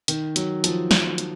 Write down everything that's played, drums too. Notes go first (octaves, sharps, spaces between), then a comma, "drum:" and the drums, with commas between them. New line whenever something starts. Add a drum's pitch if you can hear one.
D#3, drum: hi-hat
F#3, drum: hi-hat
F3, drum: hi-hat
drum: snare
drum: hi-hat